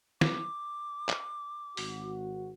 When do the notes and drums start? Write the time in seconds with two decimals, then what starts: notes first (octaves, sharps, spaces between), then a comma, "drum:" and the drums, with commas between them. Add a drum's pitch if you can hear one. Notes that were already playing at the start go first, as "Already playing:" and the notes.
0.21 D6, drum: snare
1.09 drum: clap
1.77 G#1 F#4, drum: open hi-hat